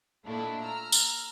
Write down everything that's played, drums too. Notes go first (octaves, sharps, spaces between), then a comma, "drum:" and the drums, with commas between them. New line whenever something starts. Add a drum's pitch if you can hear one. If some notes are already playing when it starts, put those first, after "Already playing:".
A#2 A3 D4 E4 D#5
A#5 E6 F6
drum: tambourine